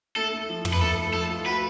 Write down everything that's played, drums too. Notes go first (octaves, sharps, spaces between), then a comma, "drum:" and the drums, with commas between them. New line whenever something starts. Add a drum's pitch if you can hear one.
A3 A4
A3
F3
F3, drum: tom
B4
A3 A4
A3
F3 A4
F4
F#4 B4